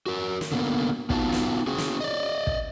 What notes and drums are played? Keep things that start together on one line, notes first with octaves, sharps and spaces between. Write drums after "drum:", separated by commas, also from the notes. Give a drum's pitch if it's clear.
F#4 A#4
drum: snare
D3 A#3 B3
B3 D#4 F4 F#4 A5, drum: kick
drum: snare
C#4 F#4 G#4
drum: snare
D5 D#5
drum: kick